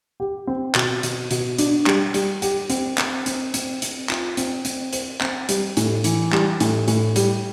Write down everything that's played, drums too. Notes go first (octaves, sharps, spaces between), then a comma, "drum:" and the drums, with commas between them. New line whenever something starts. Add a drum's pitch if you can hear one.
G4
C4
B2, drum: clap
B2, drum: hi-hat
B2, drum: hi-hat
D4, drum: hi-hat
G3, drum: clap
G3, drum: hi-hat
G4, drum: hi-hat
C4, drum: hi-hat
C4, drum: clap
C4, drum: hi-hat
C4, drum: hi-hat
C4, drum: hi-hat
F4, drum: clap
C4, drum: hi-hat
C4, drum: hi-hat
C5, drum: hi-hat
C4, drum: clap
G3, drum: hi-hat
A2, drum: hi-hat
E3, drum: hi-hat
G3, drum: clap
A2, drum: hi-hat
A2, drum: hi-hat
G3, drum: hi-hat